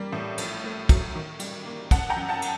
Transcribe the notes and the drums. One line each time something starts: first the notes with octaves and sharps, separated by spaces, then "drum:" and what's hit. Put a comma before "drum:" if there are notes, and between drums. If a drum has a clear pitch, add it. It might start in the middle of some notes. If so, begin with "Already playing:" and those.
Already playing: G3 A#3
A2
A#1, drum: cymbal
A3
F#3, drum: kick, cymbal
D#3
G3, drum: cymbal
A#3
F#2 F#5 A5, drum: kick, cymbal
G5 A#5
F#2
F#5 A5
drum: cymbal